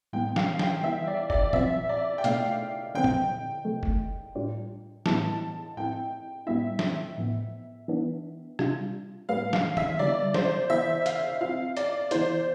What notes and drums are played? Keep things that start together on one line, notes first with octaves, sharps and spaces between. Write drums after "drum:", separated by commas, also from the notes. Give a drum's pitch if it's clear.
A2 E3 G3 B3 G5
F5, drum: snare
G5, drum: snare
E3 G3 B3 E4 E5
D5
D5, drum: kick F#1
F3 C4 F4 E5, drum: tom
D5
G5
B2 A3 D4 F4 F5, drum: hi-hat
D3 F3 C4 G5
drum: tom
C3 F3 A3
drum: kick F#1
A2 G3 D4 F4
A2 E3 G3 B3 E4 A5, drum: snare
A2 F3 C4 E4 G5
A2 G3 B3 E4 E5
drum: snare
A2 F3 B3
E3 B3 D4
C3 G3 D4 F4, drum: rim click
A2 G3 B3 F5
F5, drum: snare
E5, drum: tom
D3 G3 B3 E4 D5
C5, drum: snare
E3 B3 E4 E5
F5, drum: hi-hat
F3 C4 F4 F5
D5, drum: hi-hat
E3 B3 E4 C5, drum: hi-hat